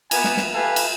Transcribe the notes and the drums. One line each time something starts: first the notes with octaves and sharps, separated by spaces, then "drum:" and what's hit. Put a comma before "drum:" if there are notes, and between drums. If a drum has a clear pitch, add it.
A#3 B3 G#5, drum: cymbal
drum: snare
drum: snare
G4 A4 B4 E5 F5 G#5
drum: cymbal